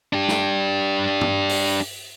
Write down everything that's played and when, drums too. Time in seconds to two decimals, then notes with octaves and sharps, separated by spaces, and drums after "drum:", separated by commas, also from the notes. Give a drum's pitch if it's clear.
0.13 D4 G4
0.28 drum: snare
1.21 drum: tom G2
1.49 drum: open hi-hat